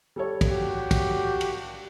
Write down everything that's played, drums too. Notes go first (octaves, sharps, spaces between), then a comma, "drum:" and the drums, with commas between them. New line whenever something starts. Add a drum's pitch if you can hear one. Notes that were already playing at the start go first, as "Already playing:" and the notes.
G3 A4 C#5
drum: kick, cymbal
F#4 G4
drum: kick, cymbal
drum: cymbal